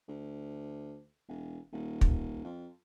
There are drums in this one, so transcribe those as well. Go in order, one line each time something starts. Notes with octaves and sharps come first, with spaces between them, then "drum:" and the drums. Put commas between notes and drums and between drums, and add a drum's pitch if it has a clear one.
D2
E1
D#1
drum: kick
F2